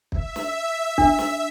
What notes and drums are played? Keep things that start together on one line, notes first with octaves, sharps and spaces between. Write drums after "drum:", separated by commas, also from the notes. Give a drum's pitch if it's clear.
E5, drum: kick
drum: snare
D4, drum: kick
drum: snare